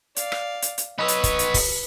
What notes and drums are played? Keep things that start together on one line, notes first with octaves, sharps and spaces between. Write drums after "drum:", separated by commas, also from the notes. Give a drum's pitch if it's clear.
D5 F5, drum: hi-hat
drum: rim click
drum: hi-hat
drum: hi-hat
B3 B4 C#5 D#5 D#6 E6
drum: hi-hat
drum: kick, hi-hat
drum: hi-hat
drum: kick, open hi-hat